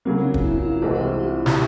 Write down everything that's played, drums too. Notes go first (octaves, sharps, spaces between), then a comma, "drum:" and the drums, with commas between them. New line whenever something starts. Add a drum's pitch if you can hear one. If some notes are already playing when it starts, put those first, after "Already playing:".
C#3 F#3 A#3 C4
D4
drum: kick
E4
E4
F4
C2 C3 E3 G#3 C4 F#4
F#4
G4
G4
drum: snare